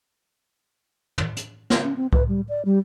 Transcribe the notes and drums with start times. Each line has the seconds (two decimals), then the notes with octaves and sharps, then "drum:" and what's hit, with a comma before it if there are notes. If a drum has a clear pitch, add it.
1.18 drum: tom
1.37 drum: hi-hat
1.70 drum: snare
1.83 C#4
1.97 C4
2.13 B4, drum: kick C2
2.29 G3
2.49 D5
2.65 G3